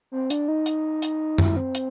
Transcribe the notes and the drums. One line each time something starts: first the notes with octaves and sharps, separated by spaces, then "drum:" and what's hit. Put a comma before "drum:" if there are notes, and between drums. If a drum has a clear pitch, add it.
C4
D4, drum: hi-hat
D#4
drum: hi-hat
drum: hi-hat
E4, drum: tom F#2
C4
drum: hi-hat